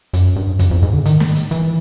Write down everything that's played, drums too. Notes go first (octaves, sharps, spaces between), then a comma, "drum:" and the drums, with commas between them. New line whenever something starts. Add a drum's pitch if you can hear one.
F#2, drum: hi-hat
G2
F#2, drum: kick, hi-hat
F2
G#2
D3
D#3, drum: hi-hat
drum: snare
drum: hi-hat
E3, drum: hi-hat